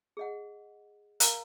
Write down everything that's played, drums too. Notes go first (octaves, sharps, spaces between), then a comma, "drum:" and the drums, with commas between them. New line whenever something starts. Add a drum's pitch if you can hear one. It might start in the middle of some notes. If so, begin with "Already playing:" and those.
G#4 D#5 F#5
A#4 F5 A#5, drum: hi-hat